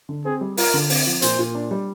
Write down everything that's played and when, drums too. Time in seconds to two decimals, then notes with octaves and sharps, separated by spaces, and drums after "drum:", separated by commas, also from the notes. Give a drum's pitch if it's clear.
0.09 D3
0.25 C4 G#4
0.41 G3
0.57 F4 A#4, drum: open hi-hat
0.74 D3
0.90 C4, drum: open hi-hat
1.06 F3
1.22 A#2 C5, drum: hi-hat
1.39 A#2
1.55 D4
1.71 G3